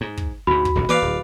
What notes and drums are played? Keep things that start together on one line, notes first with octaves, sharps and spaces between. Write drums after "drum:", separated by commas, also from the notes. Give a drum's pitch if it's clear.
G#2
drum: kick
D2 G#2 F#4 B5
drum: kick
D#1 C#2 G2
E3 A#3 B4 D5 F5
D1